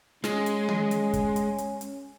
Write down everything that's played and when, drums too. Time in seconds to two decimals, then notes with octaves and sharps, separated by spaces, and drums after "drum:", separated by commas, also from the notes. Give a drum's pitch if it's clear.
0.24 G#3 C#4, drum: snare
0.46 drum: hi-hat
0.69 drum: tom D#3
0.91 drum: hi-hat
1.13 drum: kick, hi-hat
1.36 drum: hi-hat
1.58 drum: hi-hat
1.81 drum: hi-hat